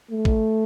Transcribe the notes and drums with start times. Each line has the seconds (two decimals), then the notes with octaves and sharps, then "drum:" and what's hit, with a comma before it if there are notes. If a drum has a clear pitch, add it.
0.11 A3
0.25 drum: kick